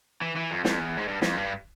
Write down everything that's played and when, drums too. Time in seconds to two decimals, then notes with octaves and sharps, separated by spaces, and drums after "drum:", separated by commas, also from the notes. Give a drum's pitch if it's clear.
0.21 E3
0.36 E3
0.51 F2
0.65 F2, drum: snare
0.79 E2
0.98 G#2
1.08 G2
1.22 F2, drum: snare
1.36 G2